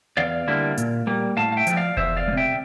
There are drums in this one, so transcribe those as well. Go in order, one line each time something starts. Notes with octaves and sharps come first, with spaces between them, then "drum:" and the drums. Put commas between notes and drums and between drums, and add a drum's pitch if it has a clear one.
E2 D5 F5
D3 G3 A#3 E4
A#2, drum: hi-hat
G3 A#3
A2 F5 A5
F5
E5 G5
F3 A3, drum: hi-hat
D5 F5
E2 C5 E5, drum: kick F1
D5 F5
G3
C3
E5 G5